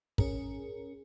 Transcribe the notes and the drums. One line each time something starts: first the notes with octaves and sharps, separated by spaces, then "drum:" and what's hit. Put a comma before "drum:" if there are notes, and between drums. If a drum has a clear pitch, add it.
C#4 G#4 A#4, drum: kick